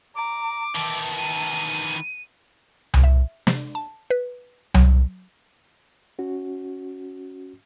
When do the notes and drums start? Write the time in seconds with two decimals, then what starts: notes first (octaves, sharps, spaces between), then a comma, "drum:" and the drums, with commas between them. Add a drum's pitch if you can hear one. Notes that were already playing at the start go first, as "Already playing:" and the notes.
0.15 A#5 D6
0.75 D#3 E3 A5
1.18 D#7
2.94 drum: tom C2
3.04 E5
3.47 C3, drum: snare
3.75 A5
4.10 B4
4.74 F#3, drum: tom C2
6.19 C#4 F#4